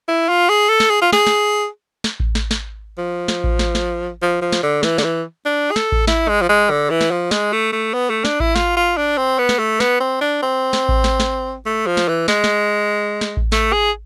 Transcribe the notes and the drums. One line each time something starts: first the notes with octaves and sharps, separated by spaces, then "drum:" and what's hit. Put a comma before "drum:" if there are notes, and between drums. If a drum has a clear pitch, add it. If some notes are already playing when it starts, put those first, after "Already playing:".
E4
F4
G#4
A4
drum: snare
G#4
F4
G#4, drum: snare
drum: snare
drum: snare
drum: kick A1
drum: snare
drum: snare
F3
drum: snare
drum: kick A1
drum: snare
drum: snare
F3
F3
drum: snare
D3
E3, drum: snare
D3, drum: snare
E3
D4
G#4
A4, drum: snare
drum: kick A1
E4, drum: snare
G#3
F3
G#3
D3
E3
drum: snare
F3
G#3, drum: snare
A3
A3
B3
A3
D4, drum: snare
E4, drum: kick A1
F4, drum: snare
F4
D4
C4
B3
drum: snare
A3
B3, drum: snare
C4
D4
C4
drum: snare
drum: kick A1
drum: snare
drum: snare
A3
F3
drum: snare
E3
G#3, drum: snare
drum: snare
drum: snare
drum: kick A1
A3, drum: snare
G#4